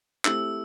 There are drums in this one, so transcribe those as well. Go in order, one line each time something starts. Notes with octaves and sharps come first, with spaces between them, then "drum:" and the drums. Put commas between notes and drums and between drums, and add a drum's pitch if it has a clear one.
A3 C4 E4 G4 E6, drum: clap